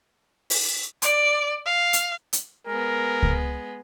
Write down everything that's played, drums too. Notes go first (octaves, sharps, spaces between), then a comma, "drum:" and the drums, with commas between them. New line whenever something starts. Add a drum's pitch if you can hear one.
drum: open hi-hat
D5, drum: hi-hat
F5
drum: hi-hat
drum: hi-hat
G#3 B3 A#4
drum: kick C#2